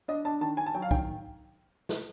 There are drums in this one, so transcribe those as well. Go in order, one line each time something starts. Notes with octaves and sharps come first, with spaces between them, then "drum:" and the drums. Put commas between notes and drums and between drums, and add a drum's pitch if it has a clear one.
D4 D#5
D4 A5
D#3 A5
D#3 G#5
A5
F#3 G5
F5
D#3 G5, drum: kick
drum: snare